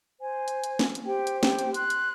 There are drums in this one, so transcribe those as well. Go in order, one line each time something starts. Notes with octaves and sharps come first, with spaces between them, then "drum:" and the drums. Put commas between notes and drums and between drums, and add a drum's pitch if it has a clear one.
C5 G#5
drum: hi-hat
drum: hi-hat
drum: snare
drum: hi-hat
G4 C5 G5
drum: hi-hat
drum: snare
drum: hi-hat
C6 F#6, drum: hi-hat
drum: hi-hat